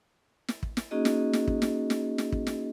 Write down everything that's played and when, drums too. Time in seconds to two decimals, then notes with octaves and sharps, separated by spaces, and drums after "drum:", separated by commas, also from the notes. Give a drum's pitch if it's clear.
0.48 drum: snare
0.63 drum: kick
0.77 drum: snare
0.91 A#3 C#4 D#4 F#4 G#4 D#5
1.05 drum: snare
1.33 drum: snare
1.48 drum: kick
1.62 drum: snare
1.90 drum: snare
2.18 drum: snare
2.32 drum: kick
2.47 drum: snare